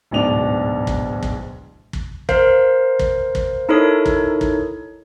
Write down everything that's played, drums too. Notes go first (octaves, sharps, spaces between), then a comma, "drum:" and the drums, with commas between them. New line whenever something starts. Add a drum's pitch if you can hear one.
D1 G#2 B2 D4 F7
drum: kick
drum: kick
drum: kick
A#4 C5 F5, drum: kick
drum: kick
drum: kick
D#4 E4 A4 A#4 C#5 D#6
drum: kick
drum: kick